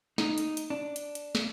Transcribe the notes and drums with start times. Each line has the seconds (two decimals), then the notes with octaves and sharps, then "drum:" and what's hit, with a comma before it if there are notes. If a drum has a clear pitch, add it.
0.18 D#4, drum: snare
0.38 drum: hi-hat
0.57 drum: hi-hat
0.70 D4
0.96 drum: hi-hat
1.15 drum: hi-hat
1.35 drum: snare